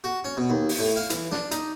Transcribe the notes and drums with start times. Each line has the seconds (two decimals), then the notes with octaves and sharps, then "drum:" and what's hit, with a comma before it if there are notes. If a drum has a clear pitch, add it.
0.04 F#4
0.24 C#4
0.37 B2
0.50 D#2
0.69 drum: open hi-hat
0.79 A2
0.96 F5
1.10 E3, drum: hi-hat
1.32 D4, drum: snare
1.51 D#4, drum: hi-hat